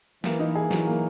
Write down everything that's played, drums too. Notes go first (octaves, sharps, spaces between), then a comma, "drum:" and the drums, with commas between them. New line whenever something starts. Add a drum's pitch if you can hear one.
E3 A#3, drum: snare
D#4
G#4
E3 F#3, drum: snare
A#3